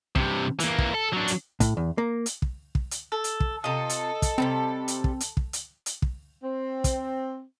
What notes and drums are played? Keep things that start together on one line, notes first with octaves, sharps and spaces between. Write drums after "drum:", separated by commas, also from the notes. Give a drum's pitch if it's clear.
G2 C3, drum: kick
E3 A#3, drum: hi-hat
drum: kick
A4
F#3 D4
drum: hi-hat
A2, drum: kick, hi-hat
E2
A#3
drum: hi-hat
drum: kick
drum: kick
drum: hi-hat
A4
drum: hi-hat
drum: kick
C3 F4 A4 D#5
drum: hi-hat
drum: kick, hi-hat
C3 D#3 G3 C4
drum: hi-hat
drum: kick
drum: hi-hat
drum: kick
drum: hi-hat
drum: hi-hat
drum: kick
C4
drum: kick, hi-hat